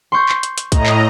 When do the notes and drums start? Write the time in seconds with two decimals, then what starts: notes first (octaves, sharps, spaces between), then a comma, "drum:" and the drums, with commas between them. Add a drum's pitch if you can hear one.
0.12 C6 C#6 G6
0.29 drum: clap
0.43 drum: hi-hat
0.58 drum: hi-hat
0.72 A2 D#5 A#5, drum: kick, hi-hat
0.86 drum: clap